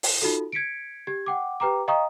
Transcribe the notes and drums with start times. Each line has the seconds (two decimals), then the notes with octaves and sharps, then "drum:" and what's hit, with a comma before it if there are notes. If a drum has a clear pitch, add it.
0.03 drum: open hi-hat
0.22 D#4 F4 F#4 A4
0.52 G#6 B6 C#7 D7
1.07 G4 G#6
1.26 F#5 G5 D6
1.60 G4 B4 G5 A#5 D6
1.88 D#5 F5 G5 A#5 C#6 D#6